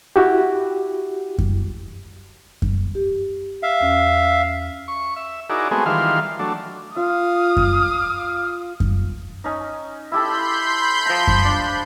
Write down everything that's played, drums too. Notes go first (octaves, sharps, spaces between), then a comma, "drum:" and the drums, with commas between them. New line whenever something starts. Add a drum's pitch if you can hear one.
E4 F#4 G4
drum: kick F#2
drum: kick F#2
G4
E5 F5
E2 C#4
C#6
E5
D#4 E4 F#4 G#4 A#4 D5
G#3 A3 B3 C4 F#4 G#4
D#3 E3 G3 F4 F5 C6
F#3 A3 D4
F4 F5 D#6
drum: kick F#2
drum: kick F#2
C#4 D#4
E4 G4 A4 B5 C6 G6
F3 A#5
drum: kick F#2
D4